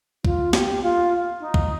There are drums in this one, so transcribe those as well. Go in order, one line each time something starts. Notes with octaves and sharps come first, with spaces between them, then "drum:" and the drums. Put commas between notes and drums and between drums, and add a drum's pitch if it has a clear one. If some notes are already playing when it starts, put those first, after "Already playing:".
F4, drum: kick
G4, drum: snare
F4
D#4
drum: kick